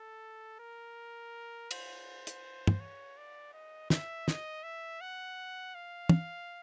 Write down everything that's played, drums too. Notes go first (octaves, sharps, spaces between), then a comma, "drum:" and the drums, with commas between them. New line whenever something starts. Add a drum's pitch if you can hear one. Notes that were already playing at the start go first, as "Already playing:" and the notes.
Already playing: A4
A#4
C5, drum: cymbal
drum: hi-hat
drum: tom
C#5
D5
D#5
E5, drum: snare
D#5, drum: snare
E5
F#5
F5
drum: tom